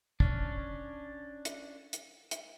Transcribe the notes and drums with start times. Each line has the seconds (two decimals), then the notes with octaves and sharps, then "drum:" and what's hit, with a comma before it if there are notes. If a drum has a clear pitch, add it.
0.20 C#4 D4, drum: kick
1.45 drum: hi-hat
1.93 drum: hi-hat
2.31 drum: hi-hat